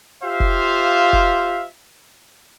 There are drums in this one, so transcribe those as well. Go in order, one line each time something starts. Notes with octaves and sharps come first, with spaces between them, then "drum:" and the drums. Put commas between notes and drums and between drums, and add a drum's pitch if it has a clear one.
F4 G4 C5 E5 F5
drum: kick
drum: kick